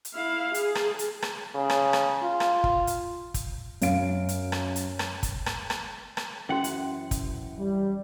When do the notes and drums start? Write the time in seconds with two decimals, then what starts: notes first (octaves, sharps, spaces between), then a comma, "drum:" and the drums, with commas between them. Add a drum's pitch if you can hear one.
0.05 drum: hi-hat
0.14 E4 F5
0.54 G#4, drum: hi-hat
0.75 drum: rim click
0.99 drum: hi-hat
1.22 drum: rim click
1.55 C#3
1.70 drum: rim click
1.93 drum: rim click
2.22 F4
2.40 drum: rim click
2.64 drum: kick
2.87 drum: hi-hat
3.34 drum: kick, hi-hat
3.82 F#2 F5 D7, drum: hi-hat
4.29 drum: hi-hat
4.52 drum: rim click
4.76 drum: hi-hat
4.99 drum: rim click
5.23 drum: kick, hi-hat
5.46 drum: rim click
5.70 drum: rim click
6.17 drum: rim click
6.49 F#2 E3 C#4 F#4 F#5
6.64 drum: hi-hat
7.11 drum: kick, hi-hat
7.58 G3